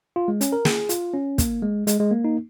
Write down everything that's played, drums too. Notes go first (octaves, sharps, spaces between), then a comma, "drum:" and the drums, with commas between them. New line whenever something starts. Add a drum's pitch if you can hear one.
F4
G#3
C#4, drum: hi-hat
A#4
G#4, drum: snare
F4, drum: hi-hat
C#4
A#3, drum: kick, hi-hat
G#3
G#3, drum: hi-hat
G#3
A#3
D#4